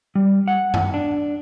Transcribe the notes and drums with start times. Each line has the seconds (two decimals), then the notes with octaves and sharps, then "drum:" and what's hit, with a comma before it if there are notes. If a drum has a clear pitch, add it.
0.15 G3
0.48 F#5
0.74 drum: tom F#2
0.94 D4